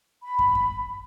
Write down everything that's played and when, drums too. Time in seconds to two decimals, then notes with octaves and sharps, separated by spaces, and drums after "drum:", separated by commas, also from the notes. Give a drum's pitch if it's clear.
0.22 B5
0.39 drum: kick
0.55 drum: kick